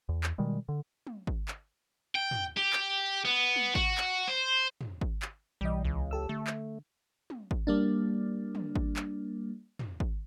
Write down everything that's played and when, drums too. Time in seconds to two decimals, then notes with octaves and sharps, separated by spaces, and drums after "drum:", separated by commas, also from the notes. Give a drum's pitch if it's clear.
0.09 E2
0.23 drum: clap
0.38 B2 D#3 G3 G#3
0.69 D3
1.07 drum: tom
1.27 drum: kick G#1
1.48 drum: clap
2.15 G5
2.31 drum: tom
2.57 G4
2.73 drum: clap
3.25 B3
3.56 drum: tom
3.75 F#4, drum: kick G#1
3.98 drum: clap
4.28 C5
4.81 drum: tom
5.01 drum: kick G#1
5.22 drum: clap
5.61 B1 E3 G3 D#5
5.85 C#2
6.11 G4 A4 E6
6.29 D3 A3
6.47 drum: clap
7.30 drum: tom
7.51 drum: kick G#1
7.67 G3 A#3 D4
8.55 drum: tom
8.76 drum: kick G#1
8.96 drum: clap
9.79 drum: tom
10.00 drum: kick G#1